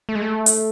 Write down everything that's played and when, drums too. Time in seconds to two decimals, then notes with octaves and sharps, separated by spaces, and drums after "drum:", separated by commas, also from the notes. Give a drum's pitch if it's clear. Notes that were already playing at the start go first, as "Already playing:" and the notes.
0.09 A3
0.15 G#3
0.22 A3
0.46 drum: hi-hat